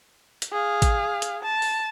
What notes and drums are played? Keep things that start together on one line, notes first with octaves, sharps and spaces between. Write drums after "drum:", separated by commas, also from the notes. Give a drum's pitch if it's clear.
drum: hi-hat
G#4 F5
drum: kick A1, hi-hat
drum: hi-hat
A5
drum: open hi-hat